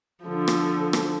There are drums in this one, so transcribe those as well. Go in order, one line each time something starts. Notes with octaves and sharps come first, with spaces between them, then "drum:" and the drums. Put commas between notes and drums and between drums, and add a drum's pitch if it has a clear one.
D3 F3
drum: rim click
drum: rim click